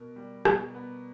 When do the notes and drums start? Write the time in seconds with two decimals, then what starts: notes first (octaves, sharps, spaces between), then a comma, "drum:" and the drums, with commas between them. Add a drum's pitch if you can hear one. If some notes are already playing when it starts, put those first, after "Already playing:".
Already playing: B2 B3 A#4
0.16 G3
0.45 B2, drum: rim click
0.74 B3